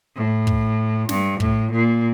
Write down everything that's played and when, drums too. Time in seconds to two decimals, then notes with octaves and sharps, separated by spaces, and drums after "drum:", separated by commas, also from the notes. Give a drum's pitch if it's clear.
0.16 A2
0.47 drum: kick
1.09 G2, drum: snare
1.40 A2, drum: kick
1.71 A#2